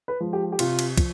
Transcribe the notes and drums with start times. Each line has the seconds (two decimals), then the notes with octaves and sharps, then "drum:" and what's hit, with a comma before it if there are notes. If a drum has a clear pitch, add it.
0.08 B4
0.20 F3 G#3
0.33 G4
0.52 G4
0.59 C3 F4, drum: cymbal
0.79 drum: cymbal
0.98 F3, drum: kick, cymbal